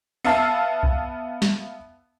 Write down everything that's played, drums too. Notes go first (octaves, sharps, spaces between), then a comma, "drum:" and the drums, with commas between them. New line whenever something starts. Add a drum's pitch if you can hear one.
B3 E5 F5 A5 E6 C7
drum: kick
drum: snare